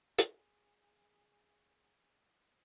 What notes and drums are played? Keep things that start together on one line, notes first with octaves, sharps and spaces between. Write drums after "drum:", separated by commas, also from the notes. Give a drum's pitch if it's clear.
G#4, drum: hi-hat